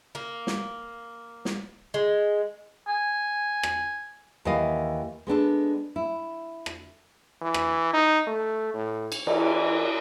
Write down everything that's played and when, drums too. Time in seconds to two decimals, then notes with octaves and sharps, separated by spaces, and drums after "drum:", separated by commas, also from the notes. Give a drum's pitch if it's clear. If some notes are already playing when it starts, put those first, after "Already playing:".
0.15 A#3
0.47 drum: snare
1.45 drum: snare
1.94 G#3
2.87 G#5
3.63 drum: rim click
4.45 D#2 E3 E4 D#5 F5
5.27 G#3 B3 D4 A4
5.96 E4
6.66 drum: rim click
7.41 E3
7.54 drum: rim click
7.93 D#4
8.27 A3
8.74 A2
9.12 drum: cymbal
9.27 E3, drum: cymbal